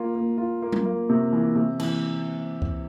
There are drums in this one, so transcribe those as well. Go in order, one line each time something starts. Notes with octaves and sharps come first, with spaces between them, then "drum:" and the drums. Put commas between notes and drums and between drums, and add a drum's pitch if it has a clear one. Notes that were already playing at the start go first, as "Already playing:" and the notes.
Already playing: A#3 F4
A#3
F4
A#3
drum: tom F#3
A#3
C3
E3
C3
E3, drum: cymbal
drum: kick C#2